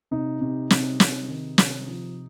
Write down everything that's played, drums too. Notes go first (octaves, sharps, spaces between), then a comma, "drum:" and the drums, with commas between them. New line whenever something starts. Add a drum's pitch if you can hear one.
C3 D#4
C3
C3, drum: snare
C3, drum: snare
D#3
C3, drum: snare
F3